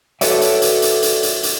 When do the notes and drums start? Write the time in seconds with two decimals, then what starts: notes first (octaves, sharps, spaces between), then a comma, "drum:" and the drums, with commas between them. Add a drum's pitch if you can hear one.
0.21 F#4 A4 B4 C#5 D5 E5, drum: hi-hat
0.41 drum: hi-hat
0.62 drum: hi-hat
0.82 drum: hi-hat
1.02 drum: hi-hat
1.23 drum: hi-hat
1.43 drum: hi-hat